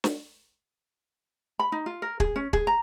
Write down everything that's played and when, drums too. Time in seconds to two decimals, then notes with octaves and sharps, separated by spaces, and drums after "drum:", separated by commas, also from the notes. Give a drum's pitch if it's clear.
0.04 drum: snare
1.59 B5
1.72 D#4
1.86 F4
2.02 A#4
2.20 G#4, drum: kick
2.36 C#4
2.53 G#4, drum: kick
2.67 A#5